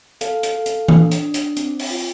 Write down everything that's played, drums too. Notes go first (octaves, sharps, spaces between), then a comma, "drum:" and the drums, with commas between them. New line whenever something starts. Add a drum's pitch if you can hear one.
A4 F5, drum: hi-hat
drum: hi-hat
A4
drum: hi-hat
D4, drum: tom E3
drum: hi-hat
D4
drum: hi-hat
C4, drum: hi-hat
drum: open hi-hat
F4